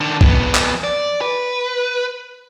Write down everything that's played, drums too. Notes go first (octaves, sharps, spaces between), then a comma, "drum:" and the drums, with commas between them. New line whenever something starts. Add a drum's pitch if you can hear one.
D3 D#3
F2 B3, drum: kick
drum: clap
D5
B4